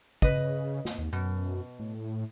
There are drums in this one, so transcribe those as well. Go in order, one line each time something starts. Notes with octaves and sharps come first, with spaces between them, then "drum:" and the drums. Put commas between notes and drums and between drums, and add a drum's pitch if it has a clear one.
C#3 B4 D#5, drum: kick
drum: snare
D#2
F#2 B2
A2